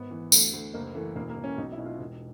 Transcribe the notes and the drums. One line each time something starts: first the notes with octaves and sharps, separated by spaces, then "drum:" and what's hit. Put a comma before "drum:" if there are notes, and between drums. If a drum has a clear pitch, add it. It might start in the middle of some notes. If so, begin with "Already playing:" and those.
Already playing: G#1 B3
E3
D2, drum: tambourine
D2
F#1 A#3
E3 A3
E1 A#3
A#3
E1
C#4
B1 D#4
E4
B2
F4
E1